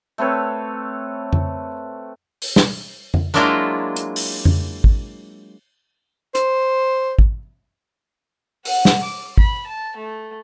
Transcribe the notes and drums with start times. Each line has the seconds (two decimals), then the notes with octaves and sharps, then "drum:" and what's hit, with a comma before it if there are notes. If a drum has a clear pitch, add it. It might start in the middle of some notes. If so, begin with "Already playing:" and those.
0.18 A3 C4 B4 C#5
1.33 drum: tom F2
2.42 drum: open hi-hat
2.56 drum: snare
3.14 drum: tom F2
3.34 F#3 G#3 A#3 D4 E4 F4
3.96 drum: hi-hat
4.16 drum: open hi-hat
4.45 drum: tom F2
4.84 drum: kick
6.35 C5, drum: hi-hat
7.19 drum: kick
8.65 F#5, drum: open hi-hat
8.85 drum: snare
9.03 D6
9.38 B5, drum: kick
9.66 A5
9.97 A3